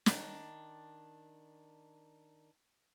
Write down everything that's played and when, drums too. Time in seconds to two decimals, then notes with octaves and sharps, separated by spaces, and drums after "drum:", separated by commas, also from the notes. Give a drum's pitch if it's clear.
0.06 D#3 D4, drum: snare